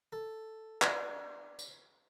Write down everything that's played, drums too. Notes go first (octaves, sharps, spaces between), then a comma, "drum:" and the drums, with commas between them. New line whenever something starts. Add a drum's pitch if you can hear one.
A4
D4, drum: clap
drum: tambourine